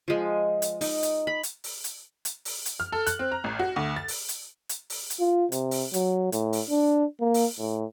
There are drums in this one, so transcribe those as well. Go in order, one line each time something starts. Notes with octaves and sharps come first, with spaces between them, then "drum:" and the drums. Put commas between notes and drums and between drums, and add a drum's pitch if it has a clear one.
F3 G#3
drum: hi-hat
D#4, drum: open hi-hat
drum: hi-hat
B5
drum: hi-hat
drum: open hi-hat
drum: hi-hat
drum: hi-hat
drum: open hi-hat
drum: hi-hat
F6
A4
F#6, drum: hi-hat
C4
A#5
A1
F#4
D2
A6
drum: open hi-hat
drum: hi-hat
drum: hi-hat
drum: open hi-hat
drum: hi-hat
F4
C3, drum: hi-hat
drum: open hi-hat
F#3, drum: hi-hat
A2, drum: hi-hat
drum: open hi-hat
D4
A#3
drum: open hi-hat
A2